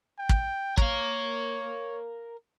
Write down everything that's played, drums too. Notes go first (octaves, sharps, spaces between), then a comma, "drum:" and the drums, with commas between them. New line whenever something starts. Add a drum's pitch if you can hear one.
G5
drum: kick
A#4 C#5 F5, drum: kick